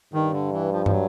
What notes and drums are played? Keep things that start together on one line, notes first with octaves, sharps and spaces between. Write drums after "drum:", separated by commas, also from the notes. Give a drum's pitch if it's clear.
G2 D#3
D3
E3
F3
F3, drum: tom
F#3